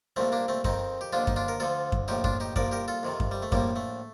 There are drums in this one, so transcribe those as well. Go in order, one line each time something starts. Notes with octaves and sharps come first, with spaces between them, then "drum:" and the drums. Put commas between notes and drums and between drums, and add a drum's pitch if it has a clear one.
C2 A#2 F3 A3 C4
A#3 D4
A3 C4
F2 D#3 C4 D#4, drum: kick F#2
G4
D#2 D3 F3 D4 F4
D#4, drum: kick F#2
D4 F4
A#4
D2 D3 F3 F4 A4
drum: kick F#2
A#1 A2 F3 D#4 G4
D4 F4, drum: kick F#2
D#4 G4
C2 A#2 F3 A#4 D5, drum: kick F#2
G4 A#4
F4 A4
F2 C3 D#3
drum: kick F#2
G3
A3
A#1 A2 F3 G3 A#3, drum: kick F#2
A3